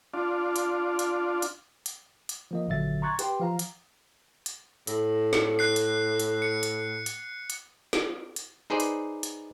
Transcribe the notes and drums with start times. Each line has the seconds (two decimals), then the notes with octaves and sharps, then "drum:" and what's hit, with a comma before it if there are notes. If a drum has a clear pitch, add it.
0.14 D4 F4
0.56 drum: hi-hat
0.99 drum: hi-hat
1.42 drum: hi-hat
1.86 drum: hi-hat
2.29 drum: hi-hat
2.51 F3 A#3 D#5
2.67 G#1 A#2 D3 F#3 E5 A6
3.02 A#5 C6 C#6 F#6 G#6 A6
3.19 G4 B4 G5 C6, drum: hi-hat
3.40 F3 F5 A#5
3.59 drum: hi-hat
4.46 drum: hi-hat
4.87 A2, drum: hi-hat
5.33 drum: snare
5.59 F#6 C7
5.76 drum: hi-hat
6.20 drum: hi-hat
6.42 C#7
6.63 drum: hi-hat
7.06 drum: hi-hat
7.50 drum: hi-hat
7.93 drum: snare
8.36 drum: hi-hat
8.70 D#4 G#4 B4 C5 D5
8.80 drum: hi-hat
9.23 drum: hi-hat